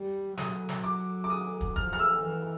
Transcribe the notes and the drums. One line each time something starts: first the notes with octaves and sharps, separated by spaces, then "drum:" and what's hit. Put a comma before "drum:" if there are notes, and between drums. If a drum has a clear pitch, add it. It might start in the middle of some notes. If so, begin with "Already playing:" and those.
Already playing: G3
F#3 D#6, drum: snare
drum: snare
D6
D6
D#6
drum: kick
F3 F6, drum: kick
F6
E6
E3